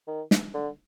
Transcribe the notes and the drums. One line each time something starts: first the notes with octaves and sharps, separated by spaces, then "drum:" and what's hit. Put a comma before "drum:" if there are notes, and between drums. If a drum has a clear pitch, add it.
D#3
drum: snare
D3